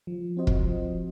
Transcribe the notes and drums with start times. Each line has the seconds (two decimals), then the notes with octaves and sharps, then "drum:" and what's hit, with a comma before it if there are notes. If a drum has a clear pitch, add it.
0.07 F3
0.37 C4 F#4 C5 D#5
0.47 drum: kick
0.67 F3